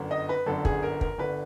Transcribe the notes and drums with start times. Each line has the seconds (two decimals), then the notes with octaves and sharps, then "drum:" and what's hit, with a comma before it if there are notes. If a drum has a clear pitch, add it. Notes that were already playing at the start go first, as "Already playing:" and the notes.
Already playing: G1 F#2 D3
0.11 D#5
0.29 B4
0.46 G1 F#2 D3 A4
0.65 G#4, drum: kick
0.83 A#4
1.01 A#4, drum: kick
1.18 G1 D3 B4